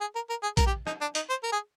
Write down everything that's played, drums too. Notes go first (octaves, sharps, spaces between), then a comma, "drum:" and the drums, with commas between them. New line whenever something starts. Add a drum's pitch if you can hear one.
G#4
A#4
A#4
G#4
A#4, drum: kick A#1, hi-hat
G4
D#4, drum: rim click
D4
D#4, drum: hi-hat
C5
A#4
G#4